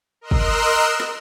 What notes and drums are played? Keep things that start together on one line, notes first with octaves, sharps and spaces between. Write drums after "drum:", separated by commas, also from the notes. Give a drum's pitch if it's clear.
A#4 D#5 C6 E6 F#6
drum: kick
drum: snare